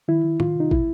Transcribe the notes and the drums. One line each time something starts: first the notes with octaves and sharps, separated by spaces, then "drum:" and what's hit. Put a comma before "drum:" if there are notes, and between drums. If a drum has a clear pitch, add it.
D#3 E4
D#3
D#3 F4, drum: tom A2
C3 D#4
B2 E4, drum: kick